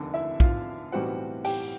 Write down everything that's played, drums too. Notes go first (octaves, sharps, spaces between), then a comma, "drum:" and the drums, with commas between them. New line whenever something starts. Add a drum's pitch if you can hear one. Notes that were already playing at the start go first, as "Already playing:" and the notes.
Already playing: F1 D#2 D3
E4 E5
F4 F5, drum: kick
B1 A2 E3 G3 C4 F#4 F#5
G4 G5, drum: open hi-hat